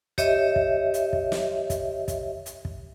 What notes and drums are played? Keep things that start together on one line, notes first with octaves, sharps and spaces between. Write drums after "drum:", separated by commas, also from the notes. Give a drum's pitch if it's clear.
G4 C#5 D#5 E5, drum: kick, hi-hat
drum: kick
drum: hi-hat
drum: kick
drum: snare
drum: kick, hi-hat
drum: kick, hi-hat
drum: hi-hat
drum: kick